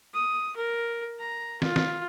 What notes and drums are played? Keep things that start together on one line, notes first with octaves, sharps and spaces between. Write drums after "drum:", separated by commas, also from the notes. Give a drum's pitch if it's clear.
D#6
A#4
A#5
F4, drum: snare
drum: snare